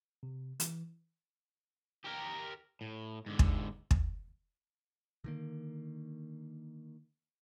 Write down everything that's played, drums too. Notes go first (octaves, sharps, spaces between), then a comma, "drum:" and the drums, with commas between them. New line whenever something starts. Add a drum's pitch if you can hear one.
C3
E3, drum: hi-hat
G4 A#4
A2
G#2 D3
drum: kick
drum: kick
D3 D#3 A#3